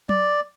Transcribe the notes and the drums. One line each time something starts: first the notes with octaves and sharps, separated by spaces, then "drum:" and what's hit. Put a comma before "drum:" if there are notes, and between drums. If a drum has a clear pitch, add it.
D5, drum: tom F#3